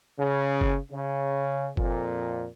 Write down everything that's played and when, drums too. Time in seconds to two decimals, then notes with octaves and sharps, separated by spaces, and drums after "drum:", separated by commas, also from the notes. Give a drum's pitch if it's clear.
0.18 C#3
0.61 drum: kick F#1
0.91 C#3
1.77 F2 A#2, drum: kick F#1